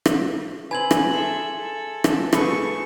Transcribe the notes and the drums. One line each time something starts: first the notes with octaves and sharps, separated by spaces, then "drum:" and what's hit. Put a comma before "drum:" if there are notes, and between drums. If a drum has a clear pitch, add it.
drum: rim click
C4 B4 G#5 G#6 F#7
drum: rim click
G#4 A4 E5 C6 F#7
A4
drum: rim click
A3 G#4 B4 A5 C#6, drum: rim click